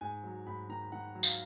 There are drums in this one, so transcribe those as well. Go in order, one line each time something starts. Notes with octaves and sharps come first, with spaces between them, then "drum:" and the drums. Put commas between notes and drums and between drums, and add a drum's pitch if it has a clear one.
G#2 G#5
F#3
G#2 B5
D#3 A#5
D#3 F#5
F#3
F5, drum: tambourine